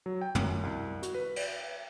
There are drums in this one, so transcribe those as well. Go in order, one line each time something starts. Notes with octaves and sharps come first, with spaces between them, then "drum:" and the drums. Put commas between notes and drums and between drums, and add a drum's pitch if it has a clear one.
F#3
G5
F#2, drum: tom
C2
F#4, drum: hi-hat
B4
drum: cymbal